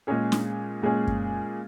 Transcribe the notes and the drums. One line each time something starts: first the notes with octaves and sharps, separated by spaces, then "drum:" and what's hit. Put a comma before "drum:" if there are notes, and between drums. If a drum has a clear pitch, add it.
A#2 G#3 C#4 G#4
drum: snare
A#2 G#3 C#4 G#4
drum: kick F#2